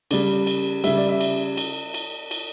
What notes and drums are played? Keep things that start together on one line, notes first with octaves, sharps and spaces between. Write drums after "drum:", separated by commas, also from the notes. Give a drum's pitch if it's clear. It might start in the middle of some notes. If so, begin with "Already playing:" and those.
C#3 G3 D5, drum: cymbal
drum: cymbal
C#3 G3 E5, drum: cymbal
D5
E5
drum: cymbal
drum: cymbal
drum: cymbal
drum: cymbal